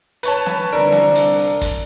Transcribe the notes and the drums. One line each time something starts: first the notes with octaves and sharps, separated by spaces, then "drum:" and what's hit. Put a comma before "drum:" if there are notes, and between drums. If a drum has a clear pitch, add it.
B4 C#5 A5, drum: hi-hat
drum: snare
C2 D3 D4 A#4 D5
drum: snare
drum: hi-hat
drum: open hi-hat
drum: kick, hi-hat